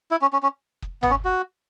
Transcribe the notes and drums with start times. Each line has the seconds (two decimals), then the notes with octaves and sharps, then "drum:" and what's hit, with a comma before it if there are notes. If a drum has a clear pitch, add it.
0.11 E4
0.22 C#4
0.33 C#4
0.43 C#4
0.82 drum: kick
1.03 B3, drum: tom G1
1.10 C#4
1.25 F#4